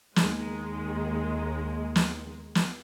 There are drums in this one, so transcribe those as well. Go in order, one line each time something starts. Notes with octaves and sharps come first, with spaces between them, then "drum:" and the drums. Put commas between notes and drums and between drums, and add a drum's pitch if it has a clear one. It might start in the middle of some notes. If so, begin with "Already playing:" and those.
D#2 D#3 G#3, drum: snare
drum: snare
drum: snare